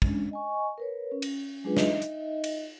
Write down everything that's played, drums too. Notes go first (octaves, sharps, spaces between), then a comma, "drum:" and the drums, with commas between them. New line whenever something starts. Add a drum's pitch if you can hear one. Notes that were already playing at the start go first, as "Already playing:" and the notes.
G#3 C#4 D4, drum: kick
D#5 G#5 C#6
A#4 B4 C#5
C#4
drum: cymbal
F#3 G#3 D4 F4 G#4 B4
D#4 D#5 E5, drum: snare
drum: hi-hat
drum: cymbal